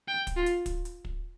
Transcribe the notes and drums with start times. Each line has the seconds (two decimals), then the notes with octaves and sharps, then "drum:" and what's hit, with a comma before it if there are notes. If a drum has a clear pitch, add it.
0.08 G5
0.27 drum: kick, hi-hat
0.36 F4
0.46 drum: hi-hat
0.66 drum: kick, hi-hat
0.85 drum: hi-hat
1.05 drum: kick